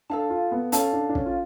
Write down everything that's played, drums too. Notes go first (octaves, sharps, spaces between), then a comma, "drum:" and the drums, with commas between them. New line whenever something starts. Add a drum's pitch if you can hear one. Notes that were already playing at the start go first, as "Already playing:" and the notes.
D4 A4 F5 A5
F4
B3
C#4 A4 F5 A5, drum: hi-hat
D4
D4
C#4, drum: kick
F4